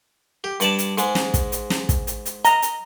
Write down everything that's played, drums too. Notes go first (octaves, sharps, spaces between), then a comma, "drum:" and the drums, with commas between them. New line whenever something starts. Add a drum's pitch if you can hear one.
G4
G2 D5 A5, drum: hi-hat
drum: hi-hat
G#2 G#3, drum: hi-hat
drum: snare
drum: kick, hi-hat
drum: hi-hat
drum: snare
drum: kick, hi-hat
drum: hi-hat
drum: hi-hat
D#5 A#5, drum: hi-hat
drum: hi-hat